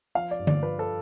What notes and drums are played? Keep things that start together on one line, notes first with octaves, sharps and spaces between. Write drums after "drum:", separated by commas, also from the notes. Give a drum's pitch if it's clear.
F3 F5
D5
G2
D5, drum: tom D3
F3 B4
A4